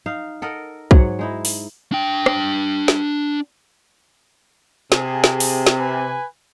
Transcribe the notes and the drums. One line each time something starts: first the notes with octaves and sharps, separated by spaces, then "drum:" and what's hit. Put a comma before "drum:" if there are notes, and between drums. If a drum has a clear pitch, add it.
D#4 F5
A4 A#4 D#5 F#5
G#2 F#3 G#4 F#5, drum: kick
G#3 D#4 E4
drum: open hi-hat
D4 G5
drum: rim click
drum: snare
C3 G#4, drum: snare
drum: snare
drum: open hi-hat
drum: snare
B4 G#5